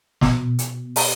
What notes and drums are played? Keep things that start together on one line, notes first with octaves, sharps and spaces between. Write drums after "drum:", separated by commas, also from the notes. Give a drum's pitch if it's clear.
B2, drum: snare
drum: hi-hat
drum: open hi-hat